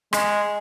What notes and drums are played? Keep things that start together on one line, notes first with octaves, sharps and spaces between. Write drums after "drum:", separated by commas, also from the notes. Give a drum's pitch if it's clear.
G#3, drum: rim click